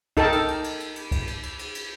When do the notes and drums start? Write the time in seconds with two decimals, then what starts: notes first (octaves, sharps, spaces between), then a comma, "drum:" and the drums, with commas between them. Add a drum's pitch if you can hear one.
0.17 D#4 A4 A#4 G5 A5, drum: kick C2, cymbal
0.32 drum: cymbal
0.48 drum: cymbal
0.64 drum: cymbal
0.80 drum: cymbal
0.96 drum: cymbal
1.11 drum: kick C2, cymbal
1.27 drum: cymbal
1.43 drum: cymbal
1.59 drum: cymbal
1.75 drum: cymbal